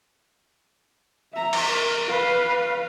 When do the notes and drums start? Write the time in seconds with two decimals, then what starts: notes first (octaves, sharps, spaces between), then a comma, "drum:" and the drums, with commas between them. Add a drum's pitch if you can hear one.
1.33 E5 A#5
1.53 drum: cymbal
1.68 A#4
2.09 B4 F5